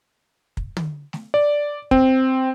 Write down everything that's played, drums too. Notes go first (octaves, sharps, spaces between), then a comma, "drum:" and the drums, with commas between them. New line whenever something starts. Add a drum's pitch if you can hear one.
drum: kick
drum: tom
drum: snare A3
D5
C4, drum: kick